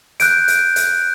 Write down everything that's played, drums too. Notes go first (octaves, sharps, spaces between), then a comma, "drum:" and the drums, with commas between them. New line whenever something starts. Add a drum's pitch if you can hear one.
F#6 G6 D7, drum: hi-hat
drum: hi-hat
drum: hi-hat